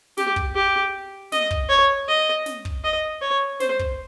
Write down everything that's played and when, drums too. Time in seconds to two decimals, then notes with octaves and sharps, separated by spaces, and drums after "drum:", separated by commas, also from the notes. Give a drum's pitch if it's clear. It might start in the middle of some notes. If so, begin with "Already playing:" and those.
0.17 G4, drum: snare
0.36 drum: kick
0.55 G4
1.32 D#5, drum: snare
1.51 drum: kick
1.69 C#5
2.08 D#5
2.46 drum: snare
2.65 drum: kick
2.84 D#5
3.22 C#5
3.60 C5, drum: snare
3.79 drum: kick